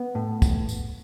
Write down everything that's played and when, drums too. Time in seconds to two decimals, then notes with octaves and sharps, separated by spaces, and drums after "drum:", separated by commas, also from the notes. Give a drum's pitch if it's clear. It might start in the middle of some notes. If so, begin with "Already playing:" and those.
Already playing: B3
0.15 A2
0.42 drum: kick, tambourine
0.69 drum: tambourine